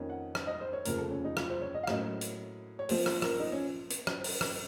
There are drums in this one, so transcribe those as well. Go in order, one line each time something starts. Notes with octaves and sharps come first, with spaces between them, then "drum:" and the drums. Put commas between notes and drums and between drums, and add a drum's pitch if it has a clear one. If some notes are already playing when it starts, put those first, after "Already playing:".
Already playing: F2 D#3 A#3 C#4
F#5
drum: rim click
D#5
C5
C#5
F1 D#2 C#3 F3 A#4, drum: hi-hat
A4
C#4
D#4
F4, drum: rim click
C5
C#5
D#5
F5
A2 F#3 A#3 C#4 D#5, drum: rim click
drum: hi-hat
C#5
A#1 A#2 F3 C4 C5, drum: open hi-hat
C5, drum: rim click
A#4, drum: rim click
D#4
C#4
drum: hi-hat
drum: rim click
drum: open hi-hat
drum: rim click